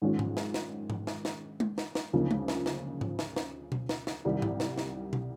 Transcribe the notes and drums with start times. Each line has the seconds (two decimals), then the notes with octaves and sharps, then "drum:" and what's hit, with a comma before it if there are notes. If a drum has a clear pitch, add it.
0.02 G#2 D#3 G#3 C#4 F4
0.19 drum: tom G#2
0.37 drum: snare
0.54 drum: snare
0.90 drum: tom G#2
1.07 drum: snare
1.25 drum: snare
1.60 drum: tom G#3
1.78 drum: snare
1.95 drum: snare
2.13 D2 C#3 F3 A#3 D#4
2.31 drum: tom G#3
2.48 drum: snare
2.66 drum: snare
3.01 drum: tom G#2
3.19 drum: snare
3.36 drum: snare
3.72 drum: tom B2
3.89 drum: snare
4.07 drum: snare
4.25 C2 C3 D#3 G3
4.42 drum: tom G#2
4.60 drum: snare
4.78 drum: snare
5.13 drum: tom B2